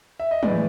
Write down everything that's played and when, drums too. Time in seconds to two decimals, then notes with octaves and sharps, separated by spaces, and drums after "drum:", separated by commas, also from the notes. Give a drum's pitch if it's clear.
0.20 E5
0.31 D#5
0.43 A2 E3 G#3 D5, drum: tom